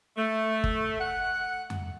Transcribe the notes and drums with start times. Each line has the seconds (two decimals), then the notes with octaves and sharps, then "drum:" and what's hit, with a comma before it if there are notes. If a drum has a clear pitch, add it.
0.17 A3
0.64 drum: kick G1
1.00 F#5
1.70 drum: tom F2